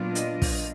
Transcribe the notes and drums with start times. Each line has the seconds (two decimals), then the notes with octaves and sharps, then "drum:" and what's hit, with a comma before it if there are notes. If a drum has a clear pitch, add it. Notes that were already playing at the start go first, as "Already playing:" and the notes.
Already playing: A#2 F#3 B3 D4 F4
0.15 D#5, drum: hi-hat
0.42 drum: kick, open hi-hat